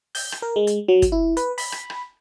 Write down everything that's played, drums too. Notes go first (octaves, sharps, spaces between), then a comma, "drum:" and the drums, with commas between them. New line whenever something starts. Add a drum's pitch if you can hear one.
G6, drum: open hi-hat
drum: rim click
A#4
G#3
drum: hi-hat
F#3
drum: kick, hi-hat
E4
B4, drum: hi-hat
B5, drum: open hi-hat
drum: rim click
drum: rim click